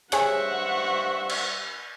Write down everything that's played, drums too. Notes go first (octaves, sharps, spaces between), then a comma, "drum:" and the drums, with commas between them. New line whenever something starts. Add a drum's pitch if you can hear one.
G2 G#4 C5 C#5 E5 F#5 C#6 F#6, drum: hi-hat
drum: cymbal